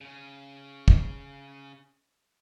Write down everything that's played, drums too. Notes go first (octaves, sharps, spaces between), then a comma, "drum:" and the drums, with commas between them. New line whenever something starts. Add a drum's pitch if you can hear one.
C#3 C#4
drum: kick